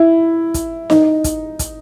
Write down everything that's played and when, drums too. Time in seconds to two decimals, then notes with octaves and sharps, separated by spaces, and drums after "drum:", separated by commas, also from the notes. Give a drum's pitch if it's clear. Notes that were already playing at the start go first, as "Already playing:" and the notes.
Already playing: E4
0.54 drum: kick, hi-hat
0.90 D#4, drum: snare
1.24 drum: kick, hi-hat
1.59 drum: kick, hi-hat